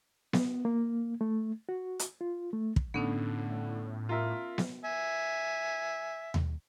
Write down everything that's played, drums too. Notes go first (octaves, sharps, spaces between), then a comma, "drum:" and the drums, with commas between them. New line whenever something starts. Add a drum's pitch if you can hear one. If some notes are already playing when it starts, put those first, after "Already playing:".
B3, drum: snare B3
A#3
A3
F#4
drum: hi-hat
F4
A3
drum: kick
A2 D3 B3 C#4 D#4
F4 A#4 E5
drum: snare B3
E5 G#5
drum: tom D#2